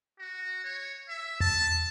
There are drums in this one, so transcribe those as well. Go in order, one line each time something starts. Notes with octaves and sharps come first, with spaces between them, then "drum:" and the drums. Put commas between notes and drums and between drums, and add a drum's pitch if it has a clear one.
F#4
C#5
E5
A5, drum: tom E2